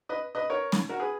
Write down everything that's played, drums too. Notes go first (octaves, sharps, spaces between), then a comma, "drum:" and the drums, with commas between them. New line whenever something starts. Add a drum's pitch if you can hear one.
B4 D#5
B4 D#5
A#4 C#5
drum: snare
F#4 A#4
G#4 B4